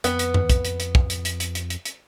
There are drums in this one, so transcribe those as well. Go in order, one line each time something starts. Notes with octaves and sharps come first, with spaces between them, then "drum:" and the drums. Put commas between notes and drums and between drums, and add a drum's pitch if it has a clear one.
F2 B3, drum: hi-hat
drum: hi-hat
drum: tom F#2
drum: kick, hi-hat
drum: hi-hat
drum: hi-hat
drum: kick
drum: hi-hat
drum: hi-hat
drum: hi-hat
drum: hi-hat
drum: hi-hat
drum: hi-hat